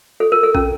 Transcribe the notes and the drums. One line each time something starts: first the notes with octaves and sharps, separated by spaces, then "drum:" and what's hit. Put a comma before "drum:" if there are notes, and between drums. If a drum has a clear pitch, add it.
A4
A#4
A4
C#4, drum: kick